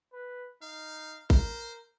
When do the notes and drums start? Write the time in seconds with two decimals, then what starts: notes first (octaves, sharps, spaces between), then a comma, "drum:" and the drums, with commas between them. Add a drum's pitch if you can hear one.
0.13 B4
0.62 D#4 F5
1.30 A#4 C5, drum: kick A1